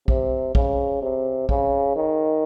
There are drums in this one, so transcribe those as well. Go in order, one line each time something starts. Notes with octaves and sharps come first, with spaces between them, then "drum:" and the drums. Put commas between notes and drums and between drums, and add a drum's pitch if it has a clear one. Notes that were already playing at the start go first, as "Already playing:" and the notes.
C3, drum: kick
C#3, drum: kick
C3
C#3, drum: kick
D#3